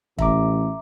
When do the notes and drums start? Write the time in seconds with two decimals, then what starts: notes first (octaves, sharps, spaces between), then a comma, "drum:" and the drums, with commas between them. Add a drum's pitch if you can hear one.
0.19 A1 E5 A#5 D6, drum: kick